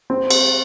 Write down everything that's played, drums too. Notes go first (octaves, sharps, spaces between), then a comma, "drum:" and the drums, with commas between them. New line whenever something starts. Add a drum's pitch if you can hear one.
C4
drum: cymbal